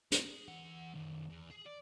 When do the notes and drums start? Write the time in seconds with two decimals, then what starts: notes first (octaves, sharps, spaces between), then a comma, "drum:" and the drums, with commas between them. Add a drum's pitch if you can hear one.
0.12 G#4, drum: hi-hat
0.48 E3 F#5
0.94 D#3 A3
1.30 E2
1.50 G#4
1.66 D5